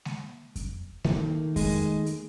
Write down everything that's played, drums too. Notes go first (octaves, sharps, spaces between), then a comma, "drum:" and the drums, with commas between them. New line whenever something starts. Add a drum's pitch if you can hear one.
drum: snare G#3
drum: kick F2, hi-hat
D#3 A3 A#3, drum: snare G#3
G#3, drum: kick F2, open hi-hat
drum: hi-hat